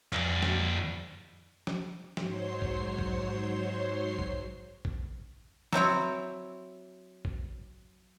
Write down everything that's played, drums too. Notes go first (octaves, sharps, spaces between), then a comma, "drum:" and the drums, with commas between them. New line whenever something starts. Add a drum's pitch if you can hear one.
F2 B4, drum: clap
drum: snare
drum: snare
G#2 F#3 C5 C#5 C6 C7, drum: snare
drum: kick A1
drum: kick A1
drum: kick A1
drum: kick A1
F#3 C4 E4 C#5, drum: snare
drum: kick A1